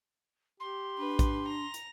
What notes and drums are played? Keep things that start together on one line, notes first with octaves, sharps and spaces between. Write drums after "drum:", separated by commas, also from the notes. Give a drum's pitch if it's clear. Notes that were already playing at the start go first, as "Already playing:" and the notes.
G4 C6
D4 B4
drum: kick A#1, hi-hat
A#5
drum: hi-hat